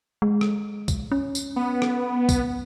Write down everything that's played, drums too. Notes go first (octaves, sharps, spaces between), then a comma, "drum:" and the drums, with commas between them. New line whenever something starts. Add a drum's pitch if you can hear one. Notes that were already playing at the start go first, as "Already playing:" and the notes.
G#3
drum: rim click
drum: kick C2, tambourine
C#4
drum: tambourine
B3
drum: rim click
drum: kick C2, tambourine